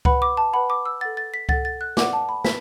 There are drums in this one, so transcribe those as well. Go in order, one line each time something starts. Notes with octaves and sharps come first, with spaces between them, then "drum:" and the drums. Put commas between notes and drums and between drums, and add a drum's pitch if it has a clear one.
B4 F#5 B5, drum: kick C#2
D6
A5
B4 F#5 B5
D6
E6
A4 F#5 A6
A6
B6
A4 F#5 A6, drum: kick C#2
A6
F#6
B4 D5 F#5 D6, drum: snare
A5
B5
B4 B6, drum: snare